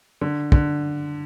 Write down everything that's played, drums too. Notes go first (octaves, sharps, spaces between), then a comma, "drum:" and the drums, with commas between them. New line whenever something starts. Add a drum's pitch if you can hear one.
D3
D3, drum: kick